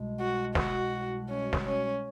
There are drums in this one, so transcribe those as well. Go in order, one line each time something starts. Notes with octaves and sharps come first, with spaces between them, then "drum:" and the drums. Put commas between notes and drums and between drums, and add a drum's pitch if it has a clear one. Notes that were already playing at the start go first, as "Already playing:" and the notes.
Already playing: C2 B2 G#3
F#4
F#4, drum: snare
C#4
drum: snare
C#4